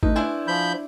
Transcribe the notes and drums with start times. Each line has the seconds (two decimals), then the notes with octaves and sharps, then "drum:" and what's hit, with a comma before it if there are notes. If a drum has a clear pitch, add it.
0.03 A3 D#4 B4, drum: kick G#1
0.16 D4 E4 C5 G#5
0.48 F3 B5 G6